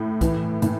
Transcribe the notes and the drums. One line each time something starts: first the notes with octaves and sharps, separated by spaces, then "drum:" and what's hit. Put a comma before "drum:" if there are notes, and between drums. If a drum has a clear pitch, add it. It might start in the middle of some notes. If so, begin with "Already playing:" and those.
Already playing: A2
E3, drum: kick, hi-hat
A2, drum: hi-hat